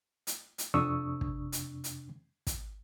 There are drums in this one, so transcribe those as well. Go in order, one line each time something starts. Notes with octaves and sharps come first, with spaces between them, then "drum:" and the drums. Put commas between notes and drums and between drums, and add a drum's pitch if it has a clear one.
drum: hi-hat
drum: hi-hat
F2 C3 D4 C#6 D#6 E6
drum: kick
drum: hi-hat
drum: hi-hat
drum: kick, hi-hat